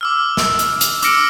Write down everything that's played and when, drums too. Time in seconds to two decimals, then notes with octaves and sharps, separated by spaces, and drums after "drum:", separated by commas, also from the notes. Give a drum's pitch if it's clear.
0.01 D6 E6 F6
0.37 drum: snare
0.59 drum: hi-hat
0.81 drum: hi-hat
1.02 D6 E6 F6 A#6 C#7 D7, drum: hi-hat